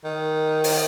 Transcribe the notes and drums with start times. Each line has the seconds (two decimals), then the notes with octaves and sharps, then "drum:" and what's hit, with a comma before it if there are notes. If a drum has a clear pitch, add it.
0.05 D#3
0.64 drum: open hi-hat